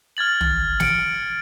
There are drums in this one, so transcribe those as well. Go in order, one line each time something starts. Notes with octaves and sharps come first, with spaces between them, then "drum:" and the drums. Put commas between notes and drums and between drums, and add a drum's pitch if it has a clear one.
F6 G#6 A6 F#7
drum: tom
C#7 D7, drum: snare